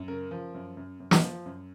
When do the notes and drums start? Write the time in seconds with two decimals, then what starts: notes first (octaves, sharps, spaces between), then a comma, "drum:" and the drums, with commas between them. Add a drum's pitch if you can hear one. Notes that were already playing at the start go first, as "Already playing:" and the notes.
Already playing: F#2
0.08 C#3 A#4
0.31 F3
0.54 F#2
0.77 F#2
1.00 F#2
1.11 drum: snare
1.23 F3
1.46 F#2